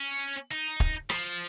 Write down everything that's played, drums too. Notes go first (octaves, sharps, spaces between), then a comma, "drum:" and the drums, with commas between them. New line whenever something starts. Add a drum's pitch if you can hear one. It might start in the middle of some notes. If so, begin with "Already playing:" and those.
Already playing: C#4
D#4
drum: kick
F3, drum: rim click